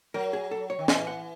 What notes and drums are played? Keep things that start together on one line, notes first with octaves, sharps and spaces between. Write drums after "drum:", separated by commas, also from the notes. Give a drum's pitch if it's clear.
F#3 A#4
G#4
A4
C#5
D#3
E3 D#5, drum: snare
F#5